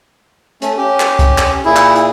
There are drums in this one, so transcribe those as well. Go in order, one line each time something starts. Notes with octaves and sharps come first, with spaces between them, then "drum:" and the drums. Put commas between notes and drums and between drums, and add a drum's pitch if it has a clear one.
A3 C#4, drum: hi-hat
C#4 G4
drum: clap
drum: kick C2, hi-hat
drum: clap
A#2 E4 G#4
drum: clap
drum: hi-hat